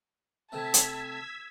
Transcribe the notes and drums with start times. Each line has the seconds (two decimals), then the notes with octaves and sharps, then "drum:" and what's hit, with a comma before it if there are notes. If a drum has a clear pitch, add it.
0.52 C3 A3 A5 E6 G#6 B6
0.74 drum: hi-hat